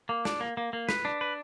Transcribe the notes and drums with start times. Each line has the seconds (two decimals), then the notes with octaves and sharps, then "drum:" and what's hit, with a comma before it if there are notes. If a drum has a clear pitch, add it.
0.09 A#3
0.25 D4, drum: snare
0.41 A#3
0.57 A#3
0.73 A#3
0.89 B4, drum: snare
1.05 D4
1.21 B4